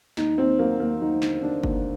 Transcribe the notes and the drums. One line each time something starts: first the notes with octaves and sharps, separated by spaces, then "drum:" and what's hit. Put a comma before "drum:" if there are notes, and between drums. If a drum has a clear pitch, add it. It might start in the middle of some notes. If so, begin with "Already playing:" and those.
D#2 D#4, drum: snare
D#2 C4
F#3 A#3
D#2 A#3
F#3 D#4
D3, drum: snare
D3 D4
D#2, drum: kick F#1